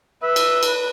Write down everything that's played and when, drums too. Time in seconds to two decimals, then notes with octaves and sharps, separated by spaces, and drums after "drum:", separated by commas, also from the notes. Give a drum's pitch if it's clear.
0.23 B4 E5
0.36 drum: cymbal
0.63 drum: cymbal